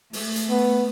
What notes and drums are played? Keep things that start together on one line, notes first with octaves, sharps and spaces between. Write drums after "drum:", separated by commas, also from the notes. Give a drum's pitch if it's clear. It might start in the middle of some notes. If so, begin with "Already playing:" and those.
A3, drum: open hi-hat
drum: hi-hat
B3